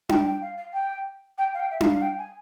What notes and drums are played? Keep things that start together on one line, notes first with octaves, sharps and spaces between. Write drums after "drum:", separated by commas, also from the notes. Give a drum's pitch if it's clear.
G5, drum: tom D4
G5
F5
F5
G5
G5
F5
G5
E5
F5, drum: tom D4
F5
G5
G#5